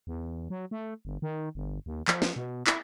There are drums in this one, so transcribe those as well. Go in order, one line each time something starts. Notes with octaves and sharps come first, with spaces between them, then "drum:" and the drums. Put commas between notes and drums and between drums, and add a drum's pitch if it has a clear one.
E2
F#3
A3
G1
D#3
G1
D#2
F3, drum: clap
drum: snare
B2
E4, drum: clap